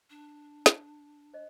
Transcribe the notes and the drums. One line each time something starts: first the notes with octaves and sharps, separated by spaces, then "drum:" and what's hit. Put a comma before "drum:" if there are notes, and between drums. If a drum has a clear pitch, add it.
D4
drum: snare
C5 D#5